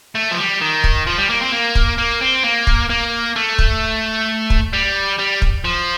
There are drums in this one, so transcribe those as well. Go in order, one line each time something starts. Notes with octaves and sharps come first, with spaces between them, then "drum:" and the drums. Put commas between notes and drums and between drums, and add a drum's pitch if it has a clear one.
A3
F3
G3
D#3
drum: kick
F3
G3
A#3
C4
A#3
drum: kick
A#3
C4
A#3
drum: kick
A#3
A3
drum: kick
drum: kick
G3
G3
drum: kick
F3